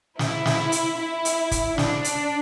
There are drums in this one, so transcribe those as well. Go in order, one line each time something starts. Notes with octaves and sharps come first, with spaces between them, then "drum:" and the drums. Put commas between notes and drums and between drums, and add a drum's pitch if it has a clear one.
E4, drum: snare
drum: snare
drum: hi-hat
E4
drum: hi-hat
drum: kick, hi-hat
D4, drum: snare
drum: hi-hat